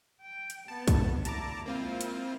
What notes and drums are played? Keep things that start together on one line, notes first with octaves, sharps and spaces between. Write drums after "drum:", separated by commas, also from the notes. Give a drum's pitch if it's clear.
G5
drum: hi-hat
B3 A5
drum: kick, hi-hat
D2 E4 A5 A#5 D6, drum: hi-hat
G#3 A#3 C4 E4 F4
drum: hi-hat